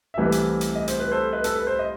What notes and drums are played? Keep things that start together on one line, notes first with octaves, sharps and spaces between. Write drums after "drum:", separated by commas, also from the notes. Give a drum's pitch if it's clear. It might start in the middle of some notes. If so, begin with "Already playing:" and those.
E5
C2 C3 E3 A3 B4 D#5
drum: hi-hat
drum: hi-hat
D#5
C5, drum: hi-hat
B4
A4 C5
B4 D#5
A4, drum: hi-hat
B4
C5
D#5